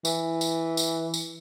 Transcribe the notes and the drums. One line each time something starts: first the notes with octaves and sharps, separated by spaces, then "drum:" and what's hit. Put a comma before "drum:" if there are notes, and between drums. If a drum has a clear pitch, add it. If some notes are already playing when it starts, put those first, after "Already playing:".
E3, drum: tambourine
drum: tambourine
drum: tambourine
drum: tambourine